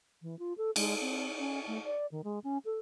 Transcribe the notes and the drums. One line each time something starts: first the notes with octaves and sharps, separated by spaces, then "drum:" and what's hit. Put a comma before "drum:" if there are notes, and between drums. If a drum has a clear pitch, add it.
E3
F4
A4
G#3, drum: cymbal
C4
C#4
A3
D5
D#3
G#3
C#4
A4